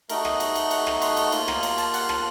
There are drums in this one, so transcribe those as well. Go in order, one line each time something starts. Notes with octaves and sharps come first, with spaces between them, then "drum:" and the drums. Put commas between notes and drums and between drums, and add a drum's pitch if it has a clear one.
A3 D#4 F#4 A#4, drum: cymbal
D#5, drum: rim click
drum: cymbal
drum: cymbal
F#5, drum: cymbal
A#5, drum: rim click
C6, drum: cymbal
drum: cymbal
A#3 F4 C6, drum: cymbal
A#5, drum: rim click
A#5, drum: cymbal
A5, drum: cymbal
F#5, drum: cymbal
A5, drum: rim click